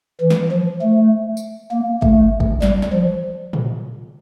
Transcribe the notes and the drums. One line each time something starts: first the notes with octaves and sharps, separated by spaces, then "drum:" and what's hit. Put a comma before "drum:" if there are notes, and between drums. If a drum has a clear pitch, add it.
E3
drum: snare
F3
A3
drum: tambourine
A#3
A3, drum: kick
drum: kick
G3, drum: snare
drum: snare
F3
drum: tom A#2